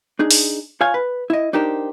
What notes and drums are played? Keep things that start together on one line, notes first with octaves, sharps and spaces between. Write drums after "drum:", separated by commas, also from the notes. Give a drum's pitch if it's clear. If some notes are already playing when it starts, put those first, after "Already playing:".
D4 D#4 G#4
drum: open hi-hat
F4 C#5 F5 G#5
B4
E4 D#5
D4 D#4 G4 A#4 C5